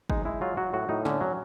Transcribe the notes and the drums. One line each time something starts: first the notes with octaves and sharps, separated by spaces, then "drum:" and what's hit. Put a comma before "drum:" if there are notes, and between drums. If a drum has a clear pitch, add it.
G#3 D#4, drum: kick
G#3 E4
F#3 F4
F#3 F#4
A2 F#4
A2 D#4
D3 C#4, drum: snare
F#3